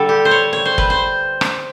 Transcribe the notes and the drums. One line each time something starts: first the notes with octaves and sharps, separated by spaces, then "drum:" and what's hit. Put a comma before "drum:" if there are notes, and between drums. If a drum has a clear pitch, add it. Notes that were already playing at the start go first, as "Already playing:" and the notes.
Already playing: D3 G3 A4
G4
C5
C#5
C#5
C5
B4, drum: kick
C5
drum: rim click